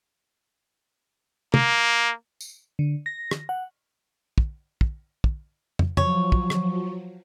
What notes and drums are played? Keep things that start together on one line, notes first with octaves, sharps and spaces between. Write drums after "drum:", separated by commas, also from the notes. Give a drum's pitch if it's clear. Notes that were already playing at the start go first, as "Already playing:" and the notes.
A#3, drum: tom
drum: tambourine
D3
A#6
drum: rim click
F#5
drum: kick
drum: kick
drum: kick
drum: tom
F3 F#3 C#5, drum: tom
drum: kick
drum: rim click